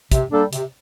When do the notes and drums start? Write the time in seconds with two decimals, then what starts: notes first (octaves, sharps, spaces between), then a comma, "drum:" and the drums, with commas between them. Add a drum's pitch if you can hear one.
0.12 C3, drum: kick, hi-hat
0.31 G3 A#3 D4 A4
0.53 C3, drum: hi-hat